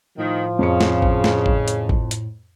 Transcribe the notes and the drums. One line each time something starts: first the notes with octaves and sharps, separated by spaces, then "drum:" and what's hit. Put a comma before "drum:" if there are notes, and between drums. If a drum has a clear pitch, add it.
A2 D#3 F3
F2 C#3 C#7
drum: snare
drum: kick
drum: snare
drum: kick
drum: hi-hat
drum: kick
drum: hi-hat